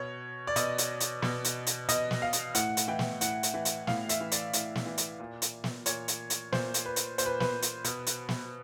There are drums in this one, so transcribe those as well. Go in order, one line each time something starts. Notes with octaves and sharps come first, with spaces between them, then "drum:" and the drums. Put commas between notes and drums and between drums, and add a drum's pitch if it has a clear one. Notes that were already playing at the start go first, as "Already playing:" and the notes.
Already playing: B2 C#5
D5
B2 D#5, drum: hi-hat
drum: hi-hat
drum: hi-hat
B2, drum: snare
drum: hi-hat
drum: hi-hat
B2 D#5, drum: hi-hat
drum: snare
F5
drum: hi-hat
A2 F#5, drum: hi-hat
drum: hi-hat
E3 G5
drum: snare
A2 F#5, drum: hi-hat
drum: hi-hat
E3
drum: hi-hat
A2 F5, drum: snare
E5, drum: hi-hat
E3
D5, drum: hi-hat
A2, drum: hi-hat
drum: snare
E3
drum: hi-hat
A#2
drum: hi-hat
drum: snare
A#2 C#5, drum: hi-hat
drum: hi-hat
drum: hi-hat
A#2 C5, drum: snare
drum: hi-hat
B4
drum: hi-hat
A#2 C5, drum: hi-hat
B4
B4, drum: snare
drum: hi-hat
B2, drum: hi-hat
drum: hi-hat
drum: snare